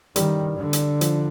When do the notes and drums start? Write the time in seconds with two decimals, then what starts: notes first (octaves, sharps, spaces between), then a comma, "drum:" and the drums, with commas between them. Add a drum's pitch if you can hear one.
0.16 D#3 G3, drum: hi-hat
0.58 D3
0.73 drum: hi-hat
1.01 F3, drum: hi-hat